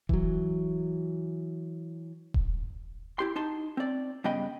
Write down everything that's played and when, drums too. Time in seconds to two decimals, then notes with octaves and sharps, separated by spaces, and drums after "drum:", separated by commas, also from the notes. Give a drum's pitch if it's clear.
0.09 E3 F#3, drum: kick D#1
2.34 drum: kick D#1
3.19 E4 G4 C6
3.36 D#4 A5 C6
3.77 C4 D5
4.24 G2 C#3 B3 D#5 G5 B5